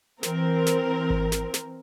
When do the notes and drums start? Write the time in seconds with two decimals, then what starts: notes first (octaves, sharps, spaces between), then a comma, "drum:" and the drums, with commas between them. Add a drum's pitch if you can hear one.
0.23 E3 C4 A#4, drum: snare
0.67 drum: snare
1.10 drum: kick G#1
1.32 drum: snare
1.54 drum: snare